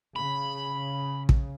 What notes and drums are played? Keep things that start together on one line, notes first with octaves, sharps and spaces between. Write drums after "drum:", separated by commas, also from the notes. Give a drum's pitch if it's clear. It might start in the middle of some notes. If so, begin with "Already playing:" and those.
C#3 B5
drum: kick